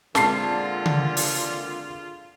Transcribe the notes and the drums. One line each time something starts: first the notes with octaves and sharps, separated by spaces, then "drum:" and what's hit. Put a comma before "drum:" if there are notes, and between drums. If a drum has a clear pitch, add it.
A#2 D3 G#3 C4 F4 A5 C7, drum: snare
drum: tom C#3
drum: open hi-hat